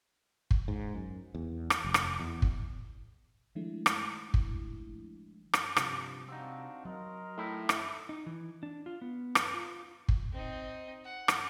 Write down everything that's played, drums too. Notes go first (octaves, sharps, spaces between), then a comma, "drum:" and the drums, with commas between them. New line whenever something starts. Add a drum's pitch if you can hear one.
drum: kick
G#2
F#2
E2
drum: rim click
F1
drum: rim click
E2
drum: kick
D#3 F3 G#3 A3 D4 E4
drum: rim click
drum: kick
drum: rim click
G2 C3 F3, drum: rim click
C4 D4 D#4 F#4 F5
F#3 A#4 D#5 C6
A2 D#4 E4
drum: rim click
D#4
E3
D4
F4
B3
B4, drum: rim click
F4
drum: kick
C4 D#4
F#5
drum: rim click